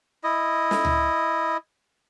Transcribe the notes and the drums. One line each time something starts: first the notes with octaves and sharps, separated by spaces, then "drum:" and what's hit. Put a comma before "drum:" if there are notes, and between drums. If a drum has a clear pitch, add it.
E4 D#5
drum: snare
drum: tom C#2